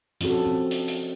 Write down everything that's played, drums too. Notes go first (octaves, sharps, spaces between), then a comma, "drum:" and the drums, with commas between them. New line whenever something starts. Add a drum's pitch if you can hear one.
F3 C4 C#4 F#4 A4, drum: hi-hat
C4
drum: hi-hat
drum: hi-hat